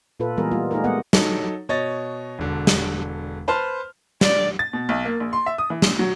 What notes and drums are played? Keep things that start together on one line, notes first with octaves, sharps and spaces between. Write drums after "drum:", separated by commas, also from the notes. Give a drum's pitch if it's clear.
A#2 F4 A4 B4
E3 G3 G#3 B3 G#4 A#4
G3 A#3 F4
A3 D#4 G4 G#4 A#4
G#3 A#3 B3 D#5 F#5
F#3 D#4 A4, drum: snare
B2 C#5 D#5 A6
E1 D3
drum: snare
B4 C5 A5 C6 F6
D5, drum: snare
A6
B2
B1
A#3
A#1
C6
E5
D#6
E3
A#1, drum: snare
F#3